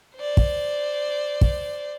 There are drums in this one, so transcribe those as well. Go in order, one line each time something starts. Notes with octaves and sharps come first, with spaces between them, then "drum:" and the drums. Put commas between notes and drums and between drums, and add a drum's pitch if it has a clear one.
C5 D5
drum: kick
drum: kick